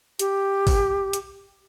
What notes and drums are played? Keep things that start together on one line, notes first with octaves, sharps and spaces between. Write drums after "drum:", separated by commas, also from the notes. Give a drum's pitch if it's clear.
G4, drum: hi-hat
drum: kick G#1, open hi-hat
drum: hi-hat